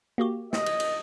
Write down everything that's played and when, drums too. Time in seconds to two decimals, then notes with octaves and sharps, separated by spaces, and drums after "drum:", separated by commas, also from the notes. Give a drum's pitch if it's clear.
0.18 A#3 F#4 G4
0.53 D#5, drum: snare
0.66 drum: cymbal
0.80 drum: cymbal